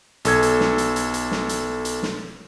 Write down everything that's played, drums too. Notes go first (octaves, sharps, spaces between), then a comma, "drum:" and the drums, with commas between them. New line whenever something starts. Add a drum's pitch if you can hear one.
B1 A4 G#6, drum: hi-hat
drum: hi-hat
drum: snare
drum: hi-hat
drum: hi-hat
drum: hi-hat
drum: snare
drum: hi-hat
drum: hi-hat
drum: snare